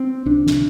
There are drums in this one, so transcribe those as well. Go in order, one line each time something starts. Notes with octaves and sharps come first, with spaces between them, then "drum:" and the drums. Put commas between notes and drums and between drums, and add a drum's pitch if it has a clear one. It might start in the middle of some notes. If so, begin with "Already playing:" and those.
Already playing: C4
C2 D4
drum: snare